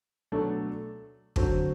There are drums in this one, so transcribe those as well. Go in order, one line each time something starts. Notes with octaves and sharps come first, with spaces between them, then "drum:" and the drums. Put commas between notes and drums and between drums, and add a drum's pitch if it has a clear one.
B2 F#3 A3 D4 A4
D3 F#3 C4 F#4 A4, drum: kick